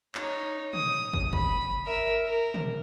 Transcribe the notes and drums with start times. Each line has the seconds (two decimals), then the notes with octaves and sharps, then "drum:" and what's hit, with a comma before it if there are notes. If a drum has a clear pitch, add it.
0.15 D#4 C#5, drum: clap
0.73 D#6, drum: tom
1.13 drum: kick
1.33 B5, drum: kick
1.85 A#4 E5
2.24 A#4
2.54 drum: tom